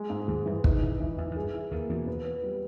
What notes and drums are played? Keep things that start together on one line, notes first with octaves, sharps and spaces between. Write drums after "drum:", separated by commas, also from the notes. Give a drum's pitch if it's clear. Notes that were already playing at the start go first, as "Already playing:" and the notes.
Already playing: G#3
G#2
D#2 D#3 G#3
G2 E3 G3
D#4, drum: kick
E3
E3
E2 E3
E2
G2 G#4
E4
D#2 D#3 A#3
E2 B2 E3
B3
B3
G3